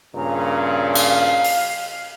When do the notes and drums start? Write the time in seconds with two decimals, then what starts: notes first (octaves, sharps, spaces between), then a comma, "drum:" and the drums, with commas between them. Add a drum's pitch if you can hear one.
0.15 G2 A#2 C#3 A#5
0.95 F5, drum: cymbal
1.44 drum: open hi-hat